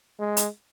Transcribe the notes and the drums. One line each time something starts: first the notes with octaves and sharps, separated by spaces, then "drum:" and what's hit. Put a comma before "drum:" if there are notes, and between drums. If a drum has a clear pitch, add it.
G#3
drum: hi-hat